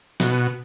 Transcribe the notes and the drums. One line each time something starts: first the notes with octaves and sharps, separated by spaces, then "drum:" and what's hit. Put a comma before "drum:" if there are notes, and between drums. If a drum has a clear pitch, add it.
B2, drum: snare